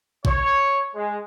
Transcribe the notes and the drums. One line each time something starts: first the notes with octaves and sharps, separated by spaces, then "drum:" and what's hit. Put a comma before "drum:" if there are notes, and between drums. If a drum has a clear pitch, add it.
C#5, drum: kick A#1
G#3